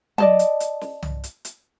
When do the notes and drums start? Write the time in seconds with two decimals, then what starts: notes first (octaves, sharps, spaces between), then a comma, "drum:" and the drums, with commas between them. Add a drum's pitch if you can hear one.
0.18 D5 D#5 A5, drum: tom F#3
0.39 drum: hi-hat
0.60 drum: hi-hat
0.81 drum: snare
1.02 drum: tom C2
1.24 drum: hi-hat
1.45 drum: hi-hat